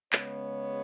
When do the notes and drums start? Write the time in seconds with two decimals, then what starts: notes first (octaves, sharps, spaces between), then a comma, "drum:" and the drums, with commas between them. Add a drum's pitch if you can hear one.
0.13 C#3 G#3 B3 C#5, drum: clap